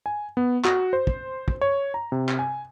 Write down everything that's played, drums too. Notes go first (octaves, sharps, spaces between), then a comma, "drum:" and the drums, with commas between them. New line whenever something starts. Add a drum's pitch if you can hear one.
G#5
B3
F#4, drum: clap
C5
drum: kick
drum: kick
C#5
A#5
C3
drum: clap
G#5